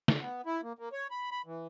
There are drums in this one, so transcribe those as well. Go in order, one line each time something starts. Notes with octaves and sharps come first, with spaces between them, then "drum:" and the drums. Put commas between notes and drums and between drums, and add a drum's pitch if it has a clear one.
drum: snare
B3
E4
A#3
A#3
C#5
B5
B5
E3